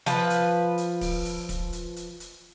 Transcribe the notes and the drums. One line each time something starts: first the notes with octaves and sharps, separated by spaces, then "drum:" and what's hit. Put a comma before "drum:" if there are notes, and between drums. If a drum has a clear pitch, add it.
F3 B4, drum: hi-hat
drum: hi-hat
drum: hi-hat
drum: kick, open hi-hat
drum: hi-hat
drum: kick, hi-hat
drum: hi-hat
drum: hi-hat
drum: hi-hat